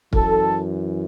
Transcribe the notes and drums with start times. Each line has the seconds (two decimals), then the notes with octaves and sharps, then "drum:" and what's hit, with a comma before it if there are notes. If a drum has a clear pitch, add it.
0.13 F#2 E3 A4, drum: kick